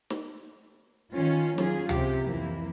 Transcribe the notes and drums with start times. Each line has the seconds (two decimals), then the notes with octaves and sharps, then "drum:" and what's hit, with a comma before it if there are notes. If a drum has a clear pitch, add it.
0.10 drum: snare
1.14 D#3 C#4 F4
1.58 F#3 C#4 F4 G#4, drum: snare
1.89 C3 G4, drum: tom
2.24 F2 E3 A#3 E4